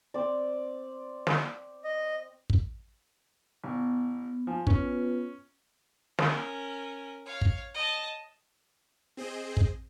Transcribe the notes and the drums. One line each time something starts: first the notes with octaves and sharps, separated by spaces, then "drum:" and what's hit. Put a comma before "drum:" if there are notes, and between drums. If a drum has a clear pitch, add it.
C4 D5
drum: snare
D#5
drum: kick
A1 B3
F3 G#5
B3 C#4 F4 B4, drum: kick
C#4 A#4, drum: snare
C#5 F5
drum: kick
D#5 A5
C4 G#4 C5 D#5
drum: kick